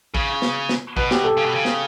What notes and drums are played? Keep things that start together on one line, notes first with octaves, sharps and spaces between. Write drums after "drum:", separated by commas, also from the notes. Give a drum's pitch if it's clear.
C#3, drum: kick A1
drum: snare
drum: snare
B2 B4, drum: kick A1
G4, drum: snare
A4
C#3
B2
C#3
drum: snare